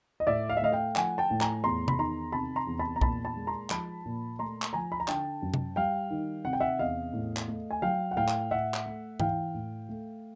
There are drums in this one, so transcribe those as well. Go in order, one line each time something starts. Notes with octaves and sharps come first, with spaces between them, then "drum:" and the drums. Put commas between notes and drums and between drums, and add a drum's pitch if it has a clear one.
D#5
A2 D5 E5
F5
E5
A3 D#5 F5
F5 G5
F3 F#5 G#5, drum: clap
G5 A5
A2
G#5 A#5, drum: clap
E2 A#5 C6
B5, drum: tom C3
D#3 A#5 C6
C3 A5 B5
A#5 C6
E2
A5 B5
A#5
A#2 A5 B5, drum: kick
A5 B5
G#3
A#5 C6
F3 A5 B5, drum: clap
A#2
A3 A#5 C6
drum: clap
F3 G#5 A#5
B5
A#5
D3 G5 A5, drum: clap
F#2
drum: tom C3
G3 F5 G5
D#3
C3 F#5
G5
E5 F#5
E2 D#5 F5
A2
drum: clap
A3
G#5
F#3 F5 G5
F#5
A2 F5 G5
drum: clap
A2 E5 F#5
drum: clap
A3
E3 F5 G5, drum: tom G#2
A2
A3